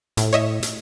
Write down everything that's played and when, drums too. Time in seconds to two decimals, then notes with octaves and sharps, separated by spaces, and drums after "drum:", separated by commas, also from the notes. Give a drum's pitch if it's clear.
0.17 A2, drum: hi-hat
0.33 C#5 D#5 E5
0.63 drum: hi-hat